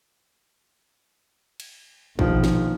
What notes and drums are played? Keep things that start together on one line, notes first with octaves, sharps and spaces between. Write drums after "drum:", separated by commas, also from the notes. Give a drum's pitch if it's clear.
drum: cymbal
A#1 B2 D#3 F3, drum: kick A1
drum: snare